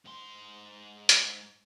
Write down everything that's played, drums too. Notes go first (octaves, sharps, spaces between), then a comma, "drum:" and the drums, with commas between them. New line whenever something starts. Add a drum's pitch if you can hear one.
G#2 C6
drum: hi-hat